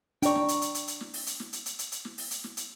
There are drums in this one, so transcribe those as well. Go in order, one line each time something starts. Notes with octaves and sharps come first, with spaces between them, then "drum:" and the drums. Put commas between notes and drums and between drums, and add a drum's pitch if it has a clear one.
D4 D5 G5 A#5 C#6, drum: hi-hat
drum: snare
drum: hi-hat
drum: hi-hat
drum: hi-hat
drum: hi-hat
drum: snare
drum: open hi-hat
drum: hi-hat
drum: snare
drum: hi-hat
drum: hi-hat
drum: hi-hat
drum: hi-hat
drum: snare
drum: open hi-hat
drum: hi-hat
drum: snare
drum: hi-hat